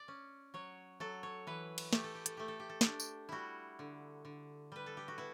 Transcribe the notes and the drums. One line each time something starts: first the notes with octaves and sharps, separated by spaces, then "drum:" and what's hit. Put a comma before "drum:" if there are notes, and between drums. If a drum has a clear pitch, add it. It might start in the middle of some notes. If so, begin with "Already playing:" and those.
Already playing: D5
C#4
F#3 C#5
F#3 A4
C#5
E3 B4
drum: cymbal
A3 G4, drum: snare
A4
G4
A4, drum: hi-hat
A3 G4
A4
G4
A4
G4, drum: snare
D4
drum: tambourine
G3 E4 F#4
D3
D3
G3 B4
A4
G4
F#4
B3 E4